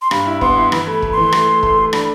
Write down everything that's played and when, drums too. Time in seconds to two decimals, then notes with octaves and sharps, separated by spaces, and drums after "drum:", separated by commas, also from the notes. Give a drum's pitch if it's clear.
0.02 C6
0.11 G2 B5, drum: rim click
0.26 E4
0.41 B3 C6, drum: kick
0.56 E4
0.72 E3 B5, drum: rim click
0.87 A3 B5
1.02 A3, drum: kick
1.12 C6
1.17 E3
1.32 A3, drum: rim click
1.48 A3
1.63 A3, drum: kick
1.78 A3
1.93 D4 B5, drum: rim click